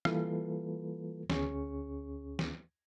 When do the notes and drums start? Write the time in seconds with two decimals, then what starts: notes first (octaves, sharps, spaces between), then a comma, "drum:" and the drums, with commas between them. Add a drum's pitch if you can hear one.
0.05 E3 G3 A#3 F4 A4 B4, drum: rim click
1.30 D2 C#4 G#4 C#6, drum: snare
2.39 drum: snare